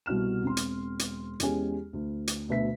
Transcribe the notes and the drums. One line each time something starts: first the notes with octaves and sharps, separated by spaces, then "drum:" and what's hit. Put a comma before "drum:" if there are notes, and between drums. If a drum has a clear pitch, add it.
C2 B2 F#4 F6 E7
E1 C4 C6
drum: hi-hat
drum: hi-hat
E2 G#3 C#4 G4 G#5, drum: hi-hat
D2
drum: hi-hat
D2 B2 B4 E5 B6